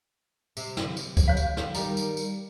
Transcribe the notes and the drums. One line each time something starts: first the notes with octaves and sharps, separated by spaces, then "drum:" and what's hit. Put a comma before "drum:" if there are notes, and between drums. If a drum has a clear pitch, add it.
C3, drum: tambourine
drum: snare
drum: tambourine
drum: kick C#2, tambourine
C#5 F5
drum: tambourine
drum: snare
D#3 G3 A#4, drum: tambourine
drum: tambourine
drum: tambourine